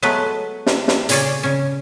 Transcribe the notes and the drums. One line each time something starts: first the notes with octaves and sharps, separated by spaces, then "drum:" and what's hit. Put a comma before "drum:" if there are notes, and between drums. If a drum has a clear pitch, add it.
F#3 G#3 A3 B3 F#4 B4
drum: snare
drum: snare
A#2 C#3 C#4 G#4 C#5 D5, drum: hi-hat
C#3 C#4